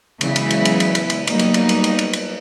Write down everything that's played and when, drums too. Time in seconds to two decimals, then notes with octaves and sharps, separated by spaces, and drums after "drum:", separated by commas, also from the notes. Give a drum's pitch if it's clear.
0.21 C#3 E3 F#3 G#3 B3 E4, drum: cymbal
0.36 drum: cymbal
0.51 drum: cymbal
0.65 drum: cymbal
0.80 drum: cymbal
0.95 drum: cymbal
1.10 drum: cymbal
1.27 F#3 G3 A#3 B3 D#4, drum: cymbal
1.39 drum: cymbal
1.54 drum: cymbal
1.69 drum: cymbal
1.84 drum: cymbal
1.99 drum: cymbal
2.13 drum: cymbal